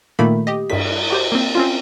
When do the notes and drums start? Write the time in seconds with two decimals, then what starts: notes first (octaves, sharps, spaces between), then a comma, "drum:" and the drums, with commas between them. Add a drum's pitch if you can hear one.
0.19 A#2 D#3 A3 A#3 B5
0.47 G4 D#5
0.70 G2 B6, drum: cymbal
1.10 F#4 G4 C5
1.32 A#3 C4
1.55 C4 C#4 F4